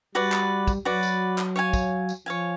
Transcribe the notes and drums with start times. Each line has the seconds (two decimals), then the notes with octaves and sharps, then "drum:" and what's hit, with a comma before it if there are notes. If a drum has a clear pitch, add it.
0.15 G3 F#4 B4 D5
0.32 drum: clap
0.67 drum: kick, tambourine
0.85 F#3 F#4 B4 D5
1.03 drum: tambourine
1.38 drum: clap
1.56 C#5 F5 G#5
1.73 drum: kick, tambourine
2.09 drum: tambourine
2.26 F3 C#5 F5 G#5